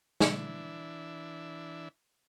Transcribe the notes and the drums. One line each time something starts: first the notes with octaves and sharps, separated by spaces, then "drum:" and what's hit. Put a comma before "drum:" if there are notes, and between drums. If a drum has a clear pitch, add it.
E3 D4 E5, drum: snare